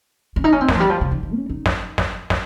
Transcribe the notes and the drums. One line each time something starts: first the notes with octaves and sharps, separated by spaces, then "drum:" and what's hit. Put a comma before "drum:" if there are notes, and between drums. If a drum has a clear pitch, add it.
C#4
D#4
C#4
C4
A#3, drum: snare
F3
G3
F3
C#3
D#3
D#3
C#4
D#4
drum: snare
drum: snare
drum: snare